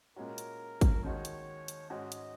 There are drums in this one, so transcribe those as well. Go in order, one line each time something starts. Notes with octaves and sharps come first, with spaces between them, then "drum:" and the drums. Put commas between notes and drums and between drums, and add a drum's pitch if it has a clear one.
A#2 G#3 C#4 F#4 A#4
drum: hi-hat
drum: kick, hi-hat
D#2 D#3 G#3 F#4 C#5
drum: hi-hat
drum: hi-hat
G#2 G#3 C#4 F#4 D#5
drum: hi-hat